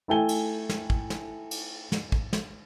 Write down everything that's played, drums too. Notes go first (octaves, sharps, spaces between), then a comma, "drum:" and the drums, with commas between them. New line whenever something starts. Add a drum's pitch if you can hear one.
A3 E4 A4 G5 G#5 G7
drum: cymbal
drum: snare
drum: kick
drum: snare
drum: cymbal
drum: snare
drum: kick
drum: snare